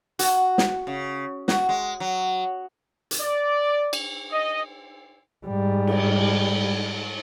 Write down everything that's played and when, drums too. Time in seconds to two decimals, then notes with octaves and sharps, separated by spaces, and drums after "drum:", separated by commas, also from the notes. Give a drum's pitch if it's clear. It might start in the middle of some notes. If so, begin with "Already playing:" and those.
0.19 F#4, drum: hi-hat
0.58 drum: snare
0.87 C#3
1.48 F#4, drum: snare
1.69 G#3
2.00 F#3
3.11 drum: hi-hat
3.21 D5
3.93 drum: cymbal
4.32 D#5
5.47 G#2 G3
5.87 drum: cymbal